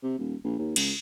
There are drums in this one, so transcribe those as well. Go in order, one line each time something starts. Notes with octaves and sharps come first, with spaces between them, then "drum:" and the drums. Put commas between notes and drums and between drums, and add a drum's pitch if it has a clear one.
C3
D#1
A#1
D#2
C#2, drum: cymbal